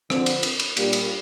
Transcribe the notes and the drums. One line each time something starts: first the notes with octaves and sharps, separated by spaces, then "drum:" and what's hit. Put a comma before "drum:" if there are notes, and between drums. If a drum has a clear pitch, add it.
D3 F3 C4, drum: rim click
drum: cymbal
drum: cymbal
drum: cymbal
A#2 G3 A#3 D4 G4, drum: cymbal
drum: cymbal